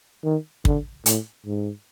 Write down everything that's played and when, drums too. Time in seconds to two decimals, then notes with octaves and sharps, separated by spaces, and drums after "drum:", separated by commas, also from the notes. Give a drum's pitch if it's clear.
0.24 D#3
0.65 D3, drum: kick
1.06 A2, drum: hi-hat
1.46 G#2